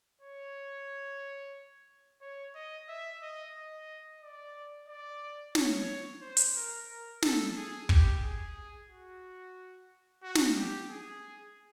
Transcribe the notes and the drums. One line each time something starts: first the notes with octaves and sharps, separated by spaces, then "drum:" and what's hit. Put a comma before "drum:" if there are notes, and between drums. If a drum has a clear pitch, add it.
C#5
C#5
D#5
E5
D#5
D#5
D5
D5
C#5, drum: snare
C5
drum: hi-hat
A#4
A#4
A4, drum: snare
G#4
G4, drum: kick
G#4
F#4
F#4
drum: snare
G4
G#4